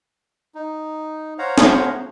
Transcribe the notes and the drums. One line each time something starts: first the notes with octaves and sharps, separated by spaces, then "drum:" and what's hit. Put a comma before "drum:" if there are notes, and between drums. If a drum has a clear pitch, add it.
D#4
C5 C#5 F5 F#5 A#5
drum: snare